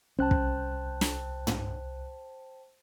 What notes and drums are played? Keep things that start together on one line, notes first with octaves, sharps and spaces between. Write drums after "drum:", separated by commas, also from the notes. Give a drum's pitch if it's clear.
C2 C#4 C5 G5 A5 F#6
drum: kick
drum: snare
drum: tom